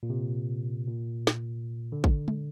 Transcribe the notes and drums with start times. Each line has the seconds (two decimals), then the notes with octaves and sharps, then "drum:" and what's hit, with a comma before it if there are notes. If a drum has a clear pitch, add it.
0.03 A#2
0.10 C3
0.88 A#2
1.27 drum: snare
1.92 D3
2.04 drum: kick
2.28 drum: tom